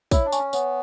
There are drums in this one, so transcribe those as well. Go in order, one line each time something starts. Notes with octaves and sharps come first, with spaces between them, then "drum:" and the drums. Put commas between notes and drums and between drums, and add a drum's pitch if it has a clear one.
E4 C#5, drum: kick, tambourine
D4
G#5 C#6, drum: tambourine
C#4
B3 C#5, drum: tambourine